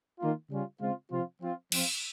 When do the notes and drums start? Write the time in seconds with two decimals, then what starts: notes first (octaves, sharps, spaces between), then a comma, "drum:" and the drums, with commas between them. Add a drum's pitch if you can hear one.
0.20 D#3 A#3 F4
0.50 C#3 G3 C#4 F4
0.81 C#3 G#3 C4 F4
1.11 C3 F3 C4 F4
1.41 F3 C4 F4
1.72 F3 C4 F4, drum: cymbal